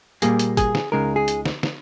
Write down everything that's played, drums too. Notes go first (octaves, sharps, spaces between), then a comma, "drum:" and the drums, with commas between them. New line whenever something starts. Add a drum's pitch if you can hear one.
A#2 G3 A#3 G#4, drum: hi-hat
drum: hi-hat
G#4, drum: kick, hi-hat
drum: snare
C#2 C#3 G#3 D#4 A#4
G#4
drum: hi-hat
drum: snare
drum: snare